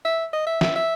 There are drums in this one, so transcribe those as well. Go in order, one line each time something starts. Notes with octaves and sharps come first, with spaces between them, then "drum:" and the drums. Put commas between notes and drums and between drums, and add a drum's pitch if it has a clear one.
E5
D#5
E5
E5, drum: snare
E5